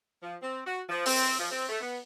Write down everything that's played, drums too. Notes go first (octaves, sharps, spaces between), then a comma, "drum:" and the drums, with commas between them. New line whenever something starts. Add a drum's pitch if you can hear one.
F3
C4
F#4
F3
C4, drum: open hi-hat
F3
C4
A3
B3